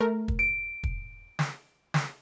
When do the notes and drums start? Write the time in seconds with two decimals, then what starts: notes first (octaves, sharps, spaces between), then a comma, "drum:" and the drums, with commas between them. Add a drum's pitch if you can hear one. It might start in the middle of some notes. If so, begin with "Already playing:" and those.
0.01 A3 A#4
0.28 drum: kick
0.39 D7
0.83 drum: kick
1.39 drum: snare
1.94 drum: snare